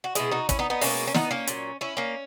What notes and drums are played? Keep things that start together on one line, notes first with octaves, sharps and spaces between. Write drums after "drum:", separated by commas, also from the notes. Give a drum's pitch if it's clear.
F#4
B2 G#3 E4 G#4, drum: hi-hat
D#4 F#4
C#4 E4, drum: kick, hi-hat
B3 D#4
B3 D#4
B2 G#3 A#3 C#4, drum: open hi-hat
C#4
B3 D#4, drum: snare
A#3 C#4
A#2 F#3, drum: hi-hat
C#4 E4
A#3 C#4